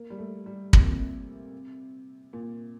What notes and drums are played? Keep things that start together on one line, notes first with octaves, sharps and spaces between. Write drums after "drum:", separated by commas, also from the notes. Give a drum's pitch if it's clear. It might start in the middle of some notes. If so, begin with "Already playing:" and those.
Already playing: A#3
G3
A3
G3
C3, drum: kick
A#2
C3
A#2